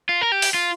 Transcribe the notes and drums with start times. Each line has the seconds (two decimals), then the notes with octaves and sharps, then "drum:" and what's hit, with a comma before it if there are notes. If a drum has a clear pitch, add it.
0.09 F4
0.21 A#4
0.32 G4
0.42 drum: open hi-hat
0.54 F4